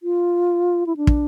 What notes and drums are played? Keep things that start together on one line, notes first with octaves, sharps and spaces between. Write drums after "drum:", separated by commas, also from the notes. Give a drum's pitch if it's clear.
F4
E4
D4
drum: kick